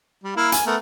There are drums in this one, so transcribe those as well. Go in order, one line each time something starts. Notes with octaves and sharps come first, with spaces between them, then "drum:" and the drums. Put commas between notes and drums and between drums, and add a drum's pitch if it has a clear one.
G3
A#3 E4 F5
G#5, drum: hi-hat
A3 B3 A#4